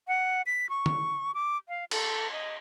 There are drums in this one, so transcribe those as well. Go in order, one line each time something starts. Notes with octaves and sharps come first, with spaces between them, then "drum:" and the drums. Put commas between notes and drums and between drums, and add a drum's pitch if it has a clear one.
F#5
B6
C#6
drum: tom
D6
F5
A4, drum: cymbal
D#5